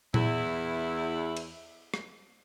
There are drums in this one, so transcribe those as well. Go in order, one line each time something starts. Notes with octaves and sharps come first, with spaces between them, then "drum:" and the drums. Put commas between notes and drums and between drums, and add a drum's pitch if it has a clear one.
E2 E4, drum: tom A#2
drum: cymbal
drum: rim click